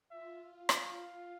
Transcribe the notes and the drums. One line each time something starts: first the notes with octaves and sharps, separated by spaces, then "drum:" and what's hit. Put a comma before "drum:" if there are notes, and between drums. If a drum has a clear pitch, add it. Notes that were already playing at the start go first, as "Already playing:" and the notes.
F4 E5
F5
drum: rim click